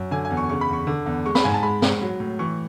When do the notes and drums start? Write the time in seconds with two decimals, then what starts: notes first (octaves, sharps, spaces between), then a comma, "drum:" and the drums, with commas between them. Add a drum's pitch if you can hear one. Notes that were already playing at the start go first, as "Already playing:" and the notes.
Already playing: F#2
0.11 D3 G#5
0.25 G#5
0.30 E2
0.37 C#6
0.49 C#3 C#6
0.61 B5
0.69 E2 C#6
0.87 D3
1.06 E2
1.26 G#3 C#6
1.35 B5, drum: snare
1.44 G#2 G#5
1.54 A5
1.63 G#3 B5
1.82 G#2, drum: snare
2.02 F#3
2.20 A2
2.39 E3 C#6